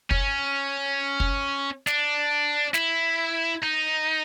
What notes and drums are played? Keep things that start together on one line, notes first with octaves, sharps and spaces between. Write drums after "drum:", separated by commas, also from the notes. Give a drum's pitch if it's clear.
C#4, drum: kick
drum: kick
D4, drum: snare
E4, drum: snare
D#4